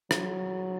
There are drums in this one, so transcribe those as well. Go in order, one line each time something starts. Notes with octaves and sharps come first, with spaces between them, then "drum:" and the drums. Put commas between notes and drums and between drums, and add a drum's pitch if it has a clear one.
F#3, drum: rim click